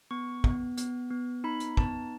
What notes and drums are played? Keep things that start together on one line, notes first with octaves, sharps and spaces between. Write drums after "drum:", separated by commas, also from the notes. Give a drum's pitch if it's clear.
B3 C#6
B3, drum: kick
B3, drum: hi-hat
B3
D#4 B5
drum: hi-hat
B3 A5, drum: kick